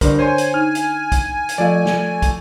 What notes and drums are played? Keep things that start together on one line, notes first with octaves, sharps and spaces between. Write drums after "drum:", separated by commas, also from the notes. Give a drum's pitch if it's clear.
G2 D3 D4 A#4 D5, drum: kick, hi-hat
C5 C#5 G#5 C6
drum: hi-hat
D#4 F6
drum: hi-hat
drum: kick, hi-hat
drum: hi-hat
F3 A3 F4 D5 F5
drum: snare
drum: kick, hi-hat